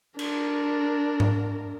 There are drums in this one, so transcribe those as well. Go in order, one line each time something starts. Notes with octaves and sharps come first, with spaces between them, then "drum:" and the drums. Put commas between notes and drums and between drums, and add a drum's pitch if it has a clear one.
D4 A#4, drum: cymbal
drum: tom G#2